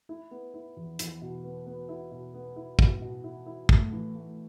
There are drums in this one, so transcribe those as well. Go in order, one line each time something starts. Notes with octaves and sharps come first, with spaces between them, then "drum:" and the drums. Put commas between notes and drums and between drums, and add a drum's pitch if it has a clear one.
E4
B3
E4
E2
E2, drum: hi-hat
B2
B3
B3
E4
B2
B3
E4
B2, drum: kick
B2
E4
E4
A3, drum: kick
E3
A3